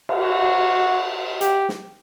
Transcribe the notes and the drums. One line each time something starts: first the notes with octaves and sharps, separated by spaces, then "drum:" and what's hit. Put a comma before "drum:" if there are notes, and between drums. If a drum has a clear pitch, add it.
drum: cymbal
F#4
G4, drum: hi-hat
drum: snare